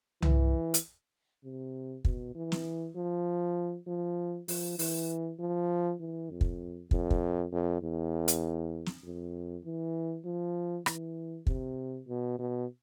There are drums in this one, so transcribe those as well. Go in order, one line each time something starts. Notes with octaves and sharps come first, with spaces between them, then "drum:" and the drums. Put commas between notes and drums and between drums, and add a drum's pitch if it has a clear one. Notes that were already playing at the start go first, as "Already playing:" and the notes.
E3, drum: tom C2
drum: hi-hat
C3
B2, drum: kick
E3
drum: snare
F3
F3
F3, drum: open hi-hat
E3, drum: open hi-hat
F3
E3
F2
drum: kick
F2, drum: kick
drum: kick
F2
E2
drum: hi-hat
drum: snare
F2
E3
F3
E3, drum: rim click
C3, drum: kick
B2
B2